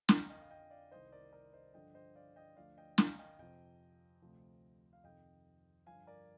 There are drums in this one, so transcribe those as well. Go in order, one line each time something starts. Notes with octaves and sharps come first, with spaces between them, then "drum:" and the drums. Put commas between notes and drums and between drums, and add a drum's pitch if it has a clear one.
F2 D3 F3 F5 G#5, drum: snare
D#5 G5
F5
D#5 G5
D5 F5
C2 C3 D#3 C5 D#5
A#4 D5
A#4 D5
C5 D#5
G2 D3 F3 D#5 G5
C5 D#5
D5 F5
D#5 G5
D2 D3 F3 D5 F5
D#5 G5
F5 G#5, drum: snare
D#5 G5
F2 C3 F3 D#5 G5
D2 C3 F3
F5
F2 C3 D#3 D#5 G5
G2 D3 F3 F5 G#5
A#4 D5